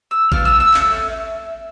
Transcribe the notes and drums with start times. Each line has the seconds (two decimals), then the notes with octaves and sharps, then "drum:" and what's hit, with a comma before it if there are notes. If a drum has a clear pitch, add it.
0.11 E6
0.32 B3 D4 F4 F6, drum: kick G#1
0.45 E6
0.60 E6
0.74 A3 C#4, drum: clap